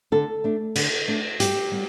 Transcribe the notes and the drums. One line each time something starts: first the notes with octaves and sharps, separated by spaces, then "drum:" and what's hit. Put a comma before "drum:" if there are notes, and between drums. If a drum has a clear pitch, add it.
D3 A4
A3 D4
D3, drum: cymbal
A3 D4
G2 G4, drum: hi-hat
G3 B3